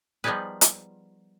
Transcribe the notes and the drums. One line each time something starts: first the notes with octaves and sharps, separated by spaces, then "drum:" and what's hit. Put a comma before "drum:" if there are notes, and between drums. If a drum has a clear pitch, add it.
F3 G3 B3 D#4 G#4 B4
drum: hi-hat